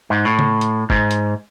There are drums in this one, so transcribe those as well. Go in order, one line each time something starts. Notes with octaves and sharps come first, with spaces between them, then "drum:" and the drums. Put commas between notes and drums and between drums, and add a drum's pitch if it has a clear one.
G#2
A2
drum: tom C#3
drum: hi-hat
G#2, drum: kick
drum: hi-hat